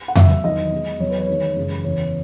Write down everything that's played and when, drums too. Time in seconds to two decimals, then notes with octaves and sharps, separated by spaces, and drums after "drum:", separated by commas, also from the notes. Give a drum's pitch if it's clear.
0.08 F#5
0.15 B2 F#3 E5, drum: tom F2
0.44 E2 D#3 F#3 D#5
0.72 B2 G#3
1.00 E2 B2 F#3 C#5
1.10 B4
1.19 C#5
1.29 E2 D#3 G#3
1.56 F#2 C#3 E3 G#3
1.84 E2 C#3 E3 C#5